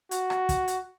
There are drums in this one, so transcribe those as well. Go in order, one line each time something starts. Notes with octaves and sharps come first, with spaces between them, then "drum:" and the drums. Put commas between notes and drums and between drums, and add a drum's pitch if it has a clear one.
F#4, drum: hi-hat
drum: rim click
drum: kick, hi-hat
drum: hi-hat